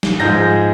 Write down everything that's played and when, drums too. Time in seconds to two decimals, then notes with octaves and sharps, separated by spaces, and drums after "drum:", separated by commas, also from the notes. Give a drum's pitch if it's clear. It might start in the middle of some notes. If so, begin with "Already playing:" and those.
0.03 drum: snare
0.20 G#2 F3 G#3 G6 A#6